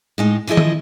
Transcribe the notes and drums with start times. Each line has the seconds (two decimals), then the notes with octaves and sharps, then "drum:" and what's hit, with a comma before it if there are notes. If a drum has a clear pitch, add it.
0.18 A2 G#3 D#4
0.47 E3 F3 E4 G#4 D#5
0.57 drum: tom D#3